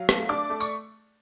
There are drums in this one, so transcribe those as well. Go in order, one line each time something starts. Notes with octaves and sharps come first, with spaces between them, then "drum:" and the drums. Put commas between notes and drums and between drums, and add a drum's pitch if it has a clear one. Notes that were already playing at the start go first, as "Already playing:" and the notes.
Already playing: F#3 F5
A3, drum: rim click
D4 D5 D6
A3
C#6, drum: tambourine